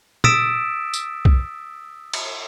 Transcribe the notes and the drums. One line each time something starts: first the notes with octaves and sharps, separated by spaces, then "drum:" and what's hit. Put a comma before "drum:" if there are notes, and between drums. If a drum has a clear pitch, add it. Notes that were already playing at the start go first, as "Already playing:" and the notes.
D#6 E6 A6 B6 D7 E7, drum: tom A#2
drum: tambourine
drum: kick B1
drum: cymbal